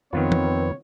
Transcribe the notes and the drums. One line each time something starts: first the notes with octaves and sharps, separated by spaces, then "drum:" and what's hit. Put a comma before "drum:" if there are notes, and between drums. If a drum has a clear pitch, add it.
F2 D#3 B3 C4 F4 B4 C#5
drum: tom D#3